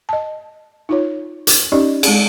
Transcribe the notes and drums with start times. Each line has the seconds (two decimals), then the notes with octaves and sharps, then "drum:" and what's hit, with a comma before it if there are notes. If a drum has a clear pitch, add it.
0.09 D#5 A5
0.89 D#4 F4 C#5
1.47 drum: hi-hat
1.72 C#4 D#4 G4 D5 D#5
2.03 G#3 C4 G#4, drum: cymbal